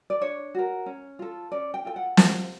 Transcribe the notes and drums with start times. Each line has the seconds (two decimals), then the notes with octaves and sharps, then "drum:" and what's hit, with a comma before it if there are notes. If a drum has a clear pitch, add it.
0.10 D5
0.22 D4 C#5
0.55 F#4 A#4
0.86 C#4
1.19 F4 A4
1.52 C#4 D5
1.74 G5
1.85 F4 A4 G5
1.96 F#5
2.17 F4, drum: snare